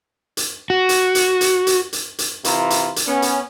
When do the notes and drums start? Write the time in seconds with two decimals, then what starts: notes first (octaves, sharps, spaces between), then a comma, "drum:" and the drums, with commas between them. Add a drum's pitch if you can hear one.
0.37 drum: hi-hat
0.70 F#4
0.89 drum: hi-hat
1.15 drum: hi-hat
1.41 drum: hi-hat
1.67 drum: hi-hat
1.93 drum: hi-hat
2.19 drum: hi-hat
2.44 C3 E3 F4 A#5, drum: hi-hat
2.70 drum: hi-hat
2.96 drum: hi-hat
3.06 B3 C#4
3.22 drum: hi-hat